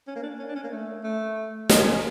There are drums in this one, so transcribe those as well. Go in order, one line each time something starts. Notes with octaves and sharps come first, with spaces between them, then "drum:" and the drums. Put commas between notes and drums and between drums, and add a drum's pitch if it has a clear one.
C#4
A#3
D4
C#4
D4
C#4
A#3
A3
A3
C#4, drum: snare
A#3
C#4